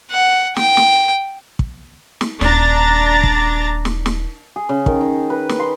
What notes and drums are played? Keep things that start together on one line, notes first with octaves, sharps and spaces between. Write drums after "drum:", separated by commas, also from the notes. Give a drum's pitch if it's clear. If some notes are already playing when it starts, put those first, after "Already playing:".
F#5
G5, drum: snare
drum: snare
drum: kick
drum: snare
D#1 D4 A#5 A6, drum: snare
drum: kick
drum: snare
drum: snare
G#4
C#3
D#3, drum: kick
D#4
B4
drum: snare
C6